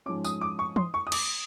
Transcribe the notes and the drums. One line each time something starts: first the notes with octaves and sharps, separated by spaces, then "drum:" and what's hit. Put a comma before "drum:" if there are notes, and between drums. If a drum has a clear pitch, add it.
G#2 F3 G#3 C#4 D6
D#6, drum: tambourine
D6
C#6
C6, drum: tom
C#6
D#6
D6, drum: cymbal